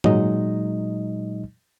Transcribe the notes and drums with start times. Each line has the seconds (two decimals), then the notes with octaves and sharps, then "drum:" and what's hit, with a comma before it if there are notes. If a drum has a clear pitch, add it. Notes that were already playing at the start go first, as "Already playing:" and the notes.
0.04 A#2 F#3 G#3 D#4 D#5, drum: tom G#2